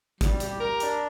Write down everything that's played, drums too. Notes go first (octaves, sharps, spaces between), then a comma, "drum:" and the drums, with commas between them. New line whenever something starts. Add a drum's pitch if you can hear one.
G3, drum: kick, hi-hat
G4, drum: hi-hat
A#4
D4, drum: hi-hat